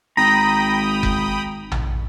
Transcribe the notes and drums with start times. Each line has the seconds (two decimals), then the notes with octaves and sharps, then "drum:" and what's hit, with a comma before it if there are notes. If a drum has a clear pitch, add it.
0.17 G#1 G5 A#5 B5 D#6
1.03 drum: kick F#1
1.71 drum: tom A#1